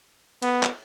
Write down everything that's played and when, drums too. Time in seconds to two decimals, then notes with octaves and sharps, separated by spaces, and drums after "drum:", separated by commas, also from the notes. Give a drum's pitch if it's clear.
0.42 B3, drum: cymbal
0.63 drum: clap